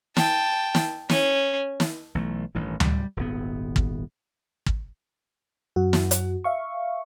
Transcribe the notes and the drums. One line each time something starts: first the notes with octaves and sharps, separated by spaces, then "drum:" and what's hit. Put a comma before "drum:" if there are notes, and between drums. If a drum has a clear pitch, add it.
G5 A5, drum: snare
drum: snare
C#4, drum: snare
drum: snare
B1 E3 A3
A1 G2 D#3 E3
G3, drum: tom D2
D#1 G#1 B3
drum: kick
drum: kick
F#2 F#4
drum: snare
drum: hi-hat
E5 F5 C#6